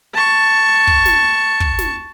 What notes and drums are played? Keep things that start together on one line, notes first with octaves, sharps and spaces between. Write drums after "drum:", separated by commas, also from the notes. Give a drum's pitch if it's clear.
A5 C#6
drum: kick
drum: snare
drum: kick
drum: snare